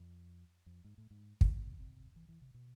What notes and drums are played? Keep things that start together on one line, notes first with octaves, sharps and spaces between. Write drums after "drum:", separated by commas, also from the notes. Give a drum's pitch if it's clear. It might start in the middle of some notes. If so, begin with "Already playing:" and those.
Already playing: F2
F2
G#2
A2
G#2
A2, drum: kick
B2
C3
E3
E3
C3
B2